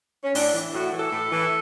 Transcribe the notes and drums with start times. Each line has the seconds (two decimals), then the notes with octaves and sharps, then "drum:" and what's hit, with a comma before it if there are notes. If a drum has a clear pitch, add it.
0.24 C#4
0.35 A2 D4, drum: open hi-hat
0.54 E3
0.73 A2 F#4
0.93 E3
1.00 A4
1.13 A2
1.32 E3